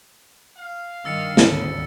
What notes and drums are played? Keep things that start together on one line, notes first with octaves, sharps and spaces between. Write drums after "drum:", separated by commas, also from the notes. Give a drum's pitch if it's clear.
F5
G2 D#3 E6 A6 C#7
G#1 D2 C#3, drum: snare